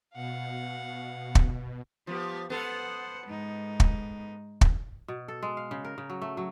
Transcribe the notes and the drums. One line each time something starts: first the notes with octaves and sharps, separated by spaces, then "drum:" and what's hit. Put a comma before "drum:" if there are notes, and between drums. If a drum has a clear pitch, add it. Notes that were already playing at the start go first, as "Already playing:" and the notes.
B2 F5 F#5
drum: kick
F3 B3 G4
B3 A4 C5 F#5
G#2 D#4
drum: kick
drum: kick
B2
A4
G#3
F5
C#3
A#4
C#3
F#3
A3
F#3